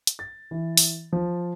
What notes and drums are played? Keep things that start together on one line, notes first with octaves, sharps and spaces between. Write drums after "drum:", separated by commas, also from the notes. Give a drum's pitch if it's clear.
drum: hi-hat
A6
E3
drum: open hi-hat
F3